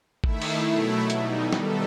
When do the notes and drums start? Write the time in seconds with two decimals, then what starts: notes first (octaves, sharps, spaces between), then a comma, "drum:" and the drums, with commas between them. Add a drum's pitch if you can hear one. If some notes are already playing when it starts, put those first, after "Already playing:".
0.24 D#3 A3 E4 E5, drum: kick G#1
0.42 drum: cymbal
0.67 B2 F#3 A3 E4
1.10 B2 G3 D#4, drum: hi-hat
1.53 D#3 G3 B3 A4, drum: snare